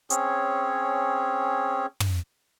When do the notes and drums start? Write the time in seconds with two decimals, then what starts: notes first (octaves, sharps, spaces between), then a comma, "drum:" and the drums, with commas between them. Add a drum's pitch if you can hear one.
0.10 C4 C#4 G#4 C#5, drum: hi-hat
2.00 drum: tom